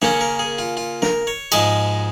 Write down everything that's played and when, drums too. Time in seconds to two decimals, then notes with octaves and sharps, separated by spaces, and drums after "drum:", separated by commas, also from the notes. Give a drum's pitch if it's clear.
0.02 C#3 A#3 C#4 C#5, drum: snare
0.21 A#4
0.39 G#4
0.59 F4
0.77 F4
1.02 A#4, drum: snare
1.27 C#5
1.52 G#2 F3 G#3 D#5, drum: cymbal